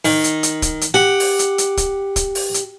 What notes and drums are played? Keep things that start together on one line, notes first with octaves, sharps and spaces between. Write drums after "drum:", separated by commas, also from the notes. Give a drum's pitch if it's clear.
D#3, drum: open hi-hat
drum: hi-hat
drum: hi-hat
drum: kick, hi-hat
drum: hi-hat
G4 F#5
drum: open hi-hat
drum: hi-hat
drum: hi-hat
drum: kick, hi-hat
drum: kick, hi-hat
drum: open hi-hat
drum: hi-hat